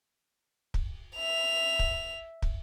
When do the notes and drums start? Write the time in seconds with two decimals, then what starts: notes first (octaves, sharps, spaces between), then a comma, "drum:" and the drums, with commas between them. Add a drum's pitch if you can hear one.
0.74 drum: kick
1.16 E5 F7
1.79 drum: kick
2.42 drum: kick